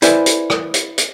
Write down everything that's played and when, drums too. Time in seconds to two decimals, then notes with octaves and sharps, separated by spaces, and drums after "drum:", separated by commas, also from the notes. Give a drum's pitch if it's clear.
0.02 E4 B4 C5 D5 E5 G#5, drum: hi-hat
0.26 drum: hi-hat
0.50 drum: rim click
0.74 drum: hi-hat
0.98 drum: hi-hat